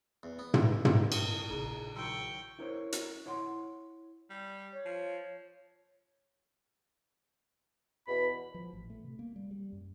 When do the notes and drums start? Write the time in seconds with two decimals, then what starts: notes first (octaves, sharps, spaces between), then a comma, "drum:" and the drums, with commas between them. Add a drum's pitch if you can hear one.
0.23 E2
0.39 B3
0.54 E3, drum: tom
0.85 drum: tom
1.12 A2 A#4 B4 G5 D#6 C#7, drum: cymbal
1.49 A#1 C#3 D#4 G#4 A#5
1.96 D#3 F#3 E4 F#4 G5 C#6 E6
2.59 E4 A#4 C5 C#5
2.92 drum: hi-hat
3.26 E4 C#5 F#5 C6
4.30 G3
4.73 C#5
4.85 F3
8.07 E2 B2 B5
8.54 F3
8.73 A1
8.90 A3
9.04 C3
9.19 A#3
9.36 G3
9.51 G3
9.72 F#2